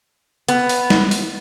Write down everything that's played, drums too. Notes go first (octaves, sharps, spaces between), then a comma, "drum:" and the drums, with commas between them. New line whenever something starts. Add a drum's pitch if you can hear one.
B3, drum: hi-hat
drum: open hi-hat
drum: snare
drum: open hi-hat